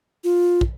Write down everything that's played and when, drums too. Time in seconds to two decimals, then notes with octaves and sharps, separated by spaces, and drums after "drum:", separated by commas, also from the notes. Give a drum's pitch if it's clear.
0.24 F4
0.61 drum: kick